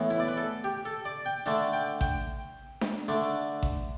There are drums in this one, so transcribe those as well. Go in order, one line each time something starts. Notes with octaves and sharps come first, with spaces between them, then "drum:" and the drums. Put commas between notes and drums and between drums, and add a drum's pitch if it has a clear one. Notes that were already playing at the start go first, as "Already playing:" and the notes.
Already playing: A2 E3 B3
E4
D5
B4
A4
G4
A4
D5
G5
D3 A3 D4 A5
G5
G5, drum: kick A1
drum: snare D4
D3 A3 D4
drum: kick A1